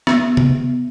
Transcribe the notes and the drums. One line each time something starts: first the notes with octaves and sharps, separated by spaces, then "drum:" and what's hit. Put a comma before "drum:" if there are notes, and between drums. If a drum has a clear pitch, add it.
B3, drum: rim click
drum: tom C3